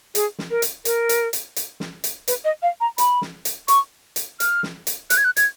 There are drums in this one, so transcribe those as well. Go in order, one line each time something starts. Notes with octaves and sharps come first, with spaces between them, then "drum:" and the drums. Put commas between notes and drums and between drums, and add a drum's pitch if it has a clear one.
G#4, drum: hi-hat
drum: snare
A#4
drum: hi-hat
A#4, drum: hi-hat
drum: hi-hat
drum: hi-hat
drum: hi-hat
drum: snare
drum: hi-hat
B4, drum: hi-hat
D#5
F5
A#5
B5, drum: hi-hat
drum: snare
drum: hi-hat
C#6, drum: hi-hat
drum: hi-hat
F6, drum: hi-hat
drum: snare
drum: hi-hat
F#6, drum: hi-hat
G#6
F#6
G#6, drum: hi-hat